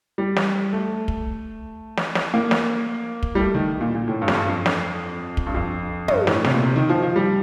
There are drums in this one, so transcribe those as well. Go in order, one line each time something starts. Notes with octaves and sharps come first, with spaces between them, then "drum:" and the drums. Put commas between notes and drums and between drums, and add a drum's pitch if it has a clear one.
G3
drum: snare
A3
drum: kick
drum: snare
drum: snare
A#3
drum: snare
drum: kick
G3
A3
D#3
A#2
A#2
A2
G2
F2, drum: snare
G2
F2
drum: snare
drum: kick
G2
F2
G2, drum: tom
A2, drum: snare
C3, drum: snare
A#2
C3
D#3
F3
F3
G3